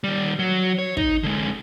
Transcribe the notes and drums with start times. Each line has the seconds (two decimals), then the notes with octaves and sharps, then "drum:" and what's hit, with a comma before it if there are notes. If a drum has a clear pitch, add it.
0.04 D#3 G3
0.39 F#3
0.79 C#5
0.97 D#4, drum: kick
1.23 D3 G#3